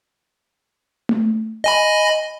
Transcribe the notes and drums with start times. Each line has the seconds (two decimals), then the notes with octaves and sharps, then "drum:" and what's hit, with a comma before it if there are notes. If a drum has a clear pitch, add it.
1.09 drum: tom A3
1.64 D#5 G#5 B5